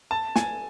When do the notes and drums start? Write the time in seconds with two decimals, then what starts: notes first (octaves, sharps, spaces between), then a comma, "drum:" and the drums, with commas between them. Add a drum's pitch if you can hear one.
0.11 A5
0.36 G#5, drum: snare